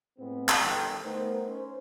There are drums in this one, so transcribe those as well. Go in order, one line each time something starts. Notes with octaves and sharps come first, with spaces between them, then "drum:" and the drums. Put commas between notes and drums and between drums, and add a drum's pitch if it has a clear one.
A2 G#3 B3 C4
drum: clap
G1 D#3 E3 G3 A4 G5
A3 B3 D#4 A#4 C5
C#4 C5